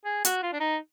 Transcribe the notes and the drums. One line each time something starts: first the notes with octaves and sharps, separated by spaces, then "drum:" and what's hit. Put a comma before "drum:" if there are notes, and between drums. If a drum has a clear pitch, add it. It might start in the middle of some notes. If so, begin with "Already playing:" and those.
G#4
F#4, drum: hi-hat
F4
D4
D#4